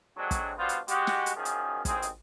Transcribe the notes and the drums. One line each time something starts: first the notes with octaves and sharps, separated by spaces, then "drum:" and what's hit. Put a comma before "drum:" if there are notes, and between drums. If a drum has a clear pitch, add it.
D3 F#3 G#3 C4 D4 F#4
drum: kick, hi-hat
G3 B3 D4 F4 F#4 C5
drum: hi-hat
G#3 F#4 G4, drum: hi-hat
drum: snare
drum: hi-hat
F#2 D#3 F3 G#4
drum: hi-hat
A1 G#2 D#3 C4 G#4, drum: kick, hi-hat
drum: hi-hat